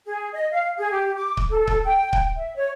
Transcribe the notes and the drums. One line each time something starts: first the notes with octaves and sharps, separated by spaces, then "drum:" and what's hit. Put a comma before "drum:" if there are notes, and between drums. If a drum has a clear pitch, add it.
G#4
D#5
F5
G#4
G4
D6
drum: kick C#1
A4
drum: kick C#1
G5
drum: kick C#1
E5
C#5